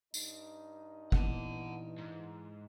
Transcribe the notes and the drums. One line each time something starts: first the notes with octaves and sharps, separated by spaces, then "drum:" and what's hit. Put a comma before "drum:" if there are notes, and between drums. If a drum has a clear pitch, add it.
G2 D#4, drum: tambourine
A#2 E3 B3 F#5 A5, drum: kick
G#2